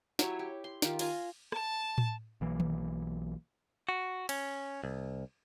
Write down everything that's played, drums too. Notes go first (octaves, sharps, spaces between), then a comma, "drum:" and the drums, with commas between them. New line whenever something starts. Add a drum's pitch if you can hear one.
F#3 E4 G4 C#5, drum: snare
G4
C6
D#3 F4 G4, drum: snare
F4 G#5 A#5 C6, drum: cymbal
A5, drum: rim click
drum: tom A2
B1 E3 A#3
drum: tom D#3
F#4
C#4, drum: cymbal
C2